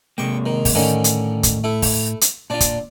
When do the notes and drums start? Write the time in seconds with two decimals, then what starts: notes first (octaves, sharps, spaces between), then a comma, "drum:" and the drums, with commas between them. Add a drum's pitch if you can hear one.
0.18 C3 G#3 A#3 G5 C#6
0.46 D#3
0.65 drum: kick, open hi-hat
0.75 A2 D3 D#3 C#4
1.04 drum: hi-hat
1.43 drum: kick, hi-hat
1.64 A3 E4
1.82 drum: kick, open hi-hat
2.21 drum: hi-hat
2.50 A#2 D4 F4 D5
2.60 drum: kick, hi-hat